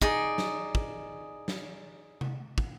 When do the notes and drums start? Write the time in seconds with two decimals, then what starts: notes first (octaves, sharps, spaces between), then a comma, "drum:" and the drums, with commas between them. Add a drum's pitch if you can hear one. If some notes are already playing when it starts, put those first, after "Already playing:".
0.02 D#4 G#4 D5, drum: kick
0.38 drum: snare
0.75 drum: kick
1.48 drum: snare
2.21 drum: tom C3
2.58 drum: kick